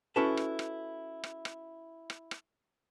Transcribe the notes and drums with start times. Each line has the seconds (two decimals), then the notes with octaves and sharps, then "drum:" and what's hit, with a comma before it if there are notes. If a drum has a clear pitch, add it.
0.16 C#4 E4 F#4 A4 B4 A5
0.37 drum: rim click
0.59 drum: rim click
1.24 drum: rim click
1.45 drum: rim click
2.10 drum: rim click
2.31 drum: rim click